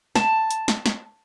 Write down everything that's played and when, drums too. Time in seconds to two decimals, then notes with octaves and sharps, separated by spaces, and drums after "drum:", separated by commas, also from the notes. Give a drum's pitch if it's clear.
0.15 A5, drum: snare
0.51 drum: hi-hat
0.68 drum: snare
0.86 drum: snare